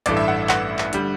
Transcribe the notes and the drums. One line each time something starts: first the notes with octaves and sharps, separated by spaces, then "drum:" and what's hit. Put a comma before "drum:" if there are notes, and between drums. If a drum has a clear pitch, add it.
A1 G2 E3 A3 D5, drum: hi-hat
E5
F#5
F#5, drum: clap
drum: clap
D3 G3, drum: hi-hat